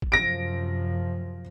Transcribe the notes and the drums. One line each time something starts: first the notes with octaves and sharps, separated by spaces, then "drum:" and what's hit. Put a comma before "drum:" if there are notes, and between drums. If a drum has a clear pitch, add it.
drum: kick
F#2 C3 F3 A#6 D7